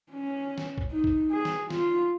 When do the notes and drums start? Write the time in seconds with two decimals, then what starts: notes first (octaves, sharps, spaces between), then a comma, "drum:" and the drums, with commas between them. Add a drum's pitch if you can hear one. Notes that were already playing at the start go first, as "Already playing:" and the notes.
0.11 C#4
0.58 drum: snare
0.78 drum: kick
0.91 D#4
1.04 drum: kick
1.31 G#4
1.45 drum: snare
1.70 F4, drum: snare